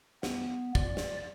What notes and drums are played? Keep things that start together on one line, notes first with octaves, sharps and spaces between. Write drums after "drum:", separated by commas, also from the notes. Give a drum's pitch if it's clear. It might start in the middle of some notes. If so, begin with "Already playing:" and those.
B3, drum: snare
D5, drum: kick
drum: snare